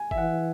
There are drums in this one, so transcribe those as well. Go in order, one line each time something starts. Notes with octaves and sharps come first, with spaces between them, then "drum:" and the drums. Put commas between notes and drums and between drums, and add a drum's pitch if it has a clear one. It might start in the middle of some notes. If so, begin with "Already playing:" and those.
Already playing: G#5
E5, drum: kick G1
E3 F#5